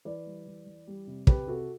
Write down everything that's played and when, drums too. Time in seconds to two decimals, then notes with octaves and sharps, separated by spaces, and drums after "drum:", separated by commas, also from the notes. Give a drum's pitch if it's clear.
0.05 E3 B4 D5
0.26 G3
0.47 E3
0.66 E3
0.87 G3
1.07 C3
1.27 C3 G4 B4, drum: kick
1.48 C3 F#4 A4